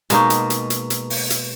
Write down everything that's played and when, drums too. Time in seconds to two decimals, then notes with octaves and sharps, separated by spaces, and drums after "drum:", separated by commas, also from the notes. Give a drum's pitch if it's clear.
0.10 B2 G#3 A#3 D#4, drum: hi-hat
0.30 drum: hi-hat
0.50 drum: hi-hat
0.70 drum: hi-hat
0.90 drum: hi-hat
1.10 drum: open hi-hat
1.30 drum: hi-hat